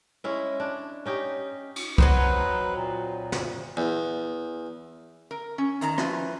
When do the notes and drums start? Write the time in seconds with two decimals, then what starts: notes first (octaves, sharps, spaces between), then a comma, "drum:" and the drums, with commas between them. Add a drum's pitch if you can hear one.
0.24 G#3 C#4 E4
0.60 D4
1.06 C#4 D#4 G4
1.76 drum: cymbal
1.98 F#3 C4 D#4 B4, drum: kick C2
2.77 A#2
3.32 drum: snare
3.77 E2
5.31 A#4
5.58 C#4
5.81 E2 D#3 A#5, drum: hi-hat
5.98 F3 C#4 E4 F4 B4, drum: rim click